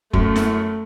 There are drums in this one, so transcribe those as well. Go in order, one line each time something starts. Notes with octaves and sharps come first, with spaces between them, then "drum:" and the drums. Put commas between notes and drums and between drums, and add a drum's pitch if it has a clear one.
F#2 A3, drum: kick
drum: snare E4